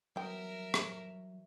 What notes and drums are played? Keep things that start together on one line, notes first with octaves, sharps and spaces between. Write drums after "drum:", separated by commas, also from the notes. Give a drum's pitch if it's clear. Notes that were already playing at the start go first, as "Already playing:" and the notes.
E3 F#3 G3 B3 A#4 E5 G5
drum: rim click